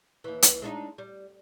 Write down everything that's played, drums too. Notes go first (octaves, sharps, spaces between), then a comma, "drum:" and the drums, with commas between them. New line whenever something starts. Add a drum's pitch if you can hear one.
D#2 E3
drum: hi-hat
G#3 D4 D#4
G3